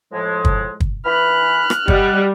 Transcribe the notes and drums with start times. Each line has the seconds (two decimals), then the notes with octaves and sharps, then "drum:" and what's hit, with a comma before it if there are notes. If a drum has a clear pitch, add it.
0.13 A2 F3 G#3
0.45 drum: kick
0.80 drum: kick
1.05 E3 B5 F6 F#6
1.70 drum: rim click
1.88 G3 D#5 F#5, drum: kick